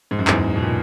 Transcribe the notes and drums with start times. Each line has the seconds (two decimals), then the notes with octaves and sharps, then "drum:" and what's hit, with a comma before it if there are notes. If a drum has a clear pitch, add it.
0.11 G#2
0.19 F#2
0.27 E2 G#2, drum: clap
0.56 B2
0.63 A#2